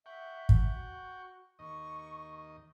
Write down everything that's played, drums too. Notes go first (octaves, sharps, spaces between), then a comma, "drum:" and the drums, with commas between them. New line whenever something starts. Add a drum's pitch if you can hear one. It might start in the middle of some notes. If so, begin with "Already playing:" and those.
E5 F#5 G5 C#6
drum: kick
F#4
D#2 D#5 C#6